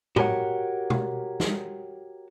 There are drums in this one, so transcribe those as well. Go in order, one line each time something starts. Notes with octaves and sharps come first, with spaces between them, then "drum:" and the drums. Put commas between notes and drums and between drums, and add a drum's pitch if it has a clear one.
F#4 G4 A#4 C#5 F#5, drum: tom A2
drum: tom B2
drum: snare